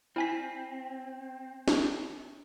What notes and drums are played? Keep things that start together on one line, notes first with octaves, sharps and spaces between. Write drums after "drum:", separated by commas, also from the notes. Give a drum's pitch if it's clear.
C4 E4 G#5 B6
drum: snare